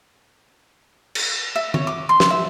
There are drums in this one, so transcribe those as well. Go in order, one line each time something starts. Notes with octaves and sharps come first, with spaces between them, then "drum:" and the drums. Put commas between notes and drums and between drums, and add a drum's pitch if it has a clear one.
drum: cymbal
E5
C#5, drum: tom
D6
C6
drum: snare
E5